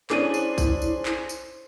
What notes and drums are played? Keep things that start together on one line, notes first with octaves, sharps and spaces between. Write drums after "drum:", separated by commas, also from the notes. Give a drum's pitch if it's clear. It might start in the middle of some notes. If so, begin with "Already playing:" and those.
C#4 D4 E4 G#4 C5 D6 D#7, drum: clap
drum: tambourine
drum: kick, tambourine
drum: tambourine
drum: clap
drum: tambourine